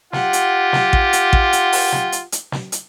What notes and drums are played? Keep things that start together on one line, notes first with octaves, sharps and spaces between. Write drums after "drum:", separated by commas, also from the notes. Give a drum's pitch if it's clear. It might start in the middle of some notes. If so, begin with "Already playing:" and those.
F4 G4 F#5, drum: snare
drum: hi-hat
drum: snare
drum: kick A1
drum: hi-hat
drum: kick A1
drum: hi-hat
drum: open hi-hat
drum: snare
drum: hi-hat
drum: hi-hat
drum: snare
drum: hi-hat